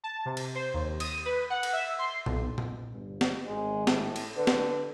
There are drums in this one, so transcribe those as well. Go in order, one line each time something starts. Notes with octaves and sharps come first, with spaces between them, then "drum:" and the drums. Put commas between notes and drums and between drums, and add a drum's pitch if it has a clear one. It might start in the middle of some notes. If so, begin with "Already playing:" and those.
A5
C3
drum: cymbal
C5
D#2
D#6, drum: cymbal
B4
F#5
drum: cymbal
E5
C6
B1, drum: tom A#2
drum: tom A#2
G1 G2
drum: snare
G#1 G#3
A2, drum: snare
drum: cymbal
D3 B4
drum: snare